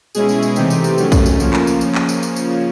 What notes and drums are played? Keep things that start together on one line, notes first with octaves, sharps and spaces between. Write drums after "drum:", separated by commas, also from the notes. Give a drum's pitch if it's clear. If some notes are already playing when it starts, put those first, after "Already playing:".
B2 G#3 C#4 E4 G#4, drum: tambourine
drum: tambourine
drum: tambourine
C3 E3 A3 C4 D#4 G4, drum: tambourine
drum: tambourine
drum: tambourine
D#3 F#3 A3 C#4, drum: tambourine
drum: kick, tambourine
drum: tambourine
C#3 F3 A#3 C#4, drum: tambourine
drum: clap
drum: tambourine
drum: tambourine
drum: clap
drum: tambourine
drum: tambourine
drum: tambourine